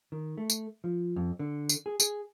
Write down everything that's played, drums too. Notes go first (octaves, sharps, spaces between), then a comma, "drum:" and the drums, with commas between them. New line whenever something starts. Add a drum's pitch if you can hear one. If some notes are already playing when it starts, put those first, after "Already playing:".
D#3
A3
drum: tambourine
F3
F2
D3
drum: tambourine
G#4
G#4, drum: tambourine